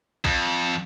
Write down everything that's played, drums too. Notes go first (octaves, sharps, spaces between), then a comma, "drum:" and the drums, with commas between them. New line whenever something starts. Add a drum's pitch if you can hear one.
F2, drum: kick A#1